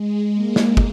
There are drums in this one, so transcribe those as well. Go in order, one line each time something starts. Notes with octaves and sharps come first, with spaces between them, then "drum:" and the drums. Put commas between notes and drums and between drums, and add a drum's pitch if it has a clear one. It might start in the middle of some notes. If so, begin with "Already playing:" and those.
Already playing: G#3
A#3
drum: snare
drum: kick